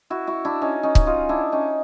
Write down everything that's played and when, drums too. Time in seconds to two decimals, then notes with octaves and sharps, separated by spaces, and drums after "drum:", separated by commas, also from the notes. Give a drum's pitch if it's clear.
0.10 E4 F#4
0.27 E4 F#4
0.45 D4 E4
0.62 C#4 D#4
0.83 C#4 D#4
0.95 drum: kick C#1
1.07 D#4 F4
1.29 D4 E4
1.52 C#4 D#4